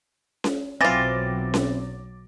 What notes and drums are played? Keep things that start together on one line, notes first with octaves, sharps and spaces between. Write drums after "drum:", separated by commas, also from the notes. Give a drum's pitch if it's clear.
drum: snare C#4
B1 E3 F#3 C4 F4 D6 A6 A#6
drum: snare C#4